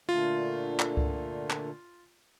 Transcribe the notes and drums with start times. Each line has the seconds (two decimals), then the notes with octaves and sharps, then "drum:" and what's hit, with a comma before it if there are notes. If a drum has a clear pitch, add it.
0.09 A#2 D3 A3 F4
0.79 drum: clap
0.97 drum: kick C#2
1.50 drum: clap